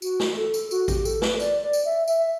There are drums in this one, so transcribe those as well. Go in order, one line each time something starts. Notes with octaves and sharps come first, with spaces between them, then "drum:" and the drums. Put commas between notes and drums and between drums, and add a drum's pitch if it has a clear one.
F#4, drum: tambourine
drum: snare
A4
drum: tambourine
F#4, drum: tambourine
G4, drum: kick A1, tambourine
A4, drum: tambourine
B4, drum: snare
D5, drum: tambourine
D5
drum: tambourine
E5
E5, drum: tambourine